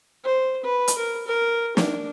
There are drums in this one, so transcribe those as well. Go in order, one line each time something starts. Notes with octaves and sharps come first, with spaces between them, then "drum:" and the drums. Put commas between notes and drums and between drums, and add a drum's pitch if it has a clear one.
C5
B4
drum: hi-hat
A#4
A#4
D4, drum: snare